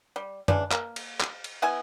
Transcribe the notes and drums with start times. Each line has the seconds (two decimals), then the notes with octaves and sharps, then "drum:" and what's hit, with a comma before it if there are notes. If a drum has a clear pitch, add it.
0.16 G3
0.48 C#3 E3 D4, drum: tom F#2
0.71 A#3, drum: clap
0.96 drum: cymbal
1.20 drum: clap
1.44 drum: cymbal
1.62 B3 E4 E5 G#5